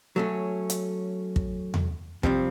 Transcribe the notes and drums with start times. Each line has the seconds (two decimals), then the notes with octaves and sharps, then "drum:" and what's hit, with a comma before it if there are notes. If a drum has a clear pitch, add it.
0.16 F#3 A3 C#4
0.70 drum: hi-hat
1.36 drum: kick
1.74 drum: tom E2
2.23 C3 F3 G3 C4, drum: kick